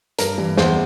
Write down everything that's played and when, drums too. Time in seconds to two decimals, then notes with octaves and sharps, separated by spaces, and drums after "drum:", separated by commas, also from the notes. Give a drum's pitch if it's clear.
0.19 G2 A#4, drum: hi-hat
0.38 E3 G3
0.57 E2 C5, drum: snare